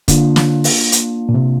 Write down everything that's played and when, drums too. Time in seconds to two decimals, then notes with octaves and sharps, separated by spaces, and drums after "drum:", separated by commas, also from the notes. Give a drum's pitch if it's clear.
0.08 D3 A#3 D4 F4, drum: kick, hi-hat
0.36 drum: snare
0.64 drum: open hi-hat
0.92 drum: hi-hat
1.29 A#2
1.34 C3